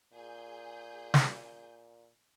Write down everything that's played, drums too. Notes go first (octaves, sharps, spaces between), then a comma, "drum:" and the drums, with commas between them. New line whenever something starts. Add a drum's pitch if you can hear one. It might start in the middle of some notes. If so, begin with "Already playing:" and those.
A#2 G#4 G6
drum: snare